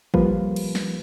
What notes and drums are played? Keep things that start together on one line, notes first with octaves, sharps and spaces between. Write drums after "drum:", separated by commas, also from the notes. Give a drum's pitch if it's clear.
F3 G3 A#3 F4 B4, drum: kick G#1
drum: cymbal
drum: snare